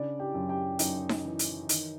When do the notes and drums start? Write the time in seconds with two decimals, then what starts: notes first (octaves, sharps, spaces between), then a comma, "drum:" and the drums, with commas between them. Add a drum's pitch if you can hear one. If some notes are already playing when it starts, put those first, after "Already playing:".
Already playing: C#3 D4 D5
0.20 G4 G5
0.34 F#2
0.49 G4 G5
0.79 F#2 D#4 D#5, drum: hi-hat
1.09 drum: snare D#4
1.25 E3
1.39 drum: hi-hat
1.69 D#3, drum: hi-hat